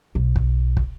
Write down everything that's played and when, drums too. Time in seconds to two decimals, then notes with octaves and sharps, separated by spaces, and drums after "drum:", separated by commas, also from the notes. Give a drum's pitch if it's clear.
0.15 B1
0.36 drum: kick
0.77 drum: kick